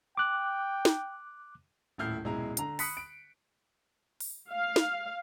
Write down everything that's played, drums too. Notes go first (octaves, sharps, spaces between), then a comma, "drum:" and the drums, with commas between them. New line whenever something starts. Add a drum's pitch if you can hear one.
G5 D6 F#6
drum: snare
D#1 A2 E4 F6 G6 C7
D#1 B1 G#3 E4 A#5
D3 A#5, drum: hi-hat
B5 D#6 F#6 B6 C#7, drum: open hi-hat
D7
drum: open hi-hat
F5
drum: snare